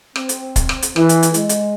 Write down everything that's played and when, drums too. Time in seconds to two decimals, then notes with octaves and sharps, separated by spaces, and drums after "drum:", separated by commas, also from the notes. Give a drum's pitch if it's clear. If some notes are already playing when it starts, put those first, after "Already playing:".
0.16 C4, drum: rim click
0.29 drum: hi-hat
0.56 drum: kick, hi-hat
0.69 drum: rim click
0.82 drum: hi-hat
0.96 E3, drum: rim click
1.09 drum: hi-hat
1.23 drum: hi-hat
1.34 G#3, drum: hi-hat
1.49 drum: hi-hat